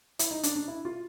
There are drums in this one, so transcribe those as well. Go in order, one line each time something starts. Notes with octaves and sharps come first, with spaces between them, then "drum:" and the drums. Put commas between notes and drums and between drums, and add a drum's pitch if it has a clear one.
E4, drum: hi-hat
D#4
D4, drum: hi-hat
D4
E4
F4